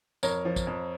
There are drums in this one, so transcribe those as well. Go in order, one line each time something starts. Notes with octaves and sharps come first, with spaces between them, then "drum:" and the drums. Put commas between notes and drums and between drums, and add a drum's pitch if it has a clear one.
F2 A#4 C#5, drum: tambourine
F3
drum: kick, tambourine
F2